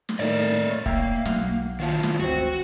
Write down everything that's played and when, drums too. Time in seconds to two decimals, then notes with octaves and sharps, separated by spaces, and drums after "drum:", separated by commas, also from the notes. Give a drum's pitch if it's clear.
0.09 drum: snare
0.19 A2 D#3 A3 A#3 D5 D#5
0.70 C#5
0.86 A#3 E5 G5, drum: kick
1.25 B1 F#5 F6, drum: snare
1.80 D#3 F3 F5 A5
2.03 drum: snare
2.20 G1 D2 C4 F#4